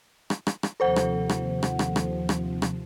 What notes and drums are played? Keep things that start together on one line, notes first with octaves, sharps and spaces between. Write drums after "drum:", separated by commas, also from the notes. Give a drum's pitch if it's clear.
drum: rim click
drum: rim click
drum: rim click
D#2 C3 F3 A4 C5 F#5
drum: rim click
drum: rim click
drum: rim click
drum: rim click
drum: rim click
drum: rim click
drum: rim click